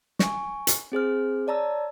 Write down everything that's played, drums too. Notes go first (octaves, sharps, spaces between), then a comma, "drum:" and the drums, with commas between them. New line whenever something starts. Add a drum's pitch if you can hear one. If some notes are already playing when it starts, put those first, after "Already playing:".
G#5 C#6, drum: snare
drum: hi-hat
C4 G#4 C5 F6
C#5 D5 A5 A#5 E6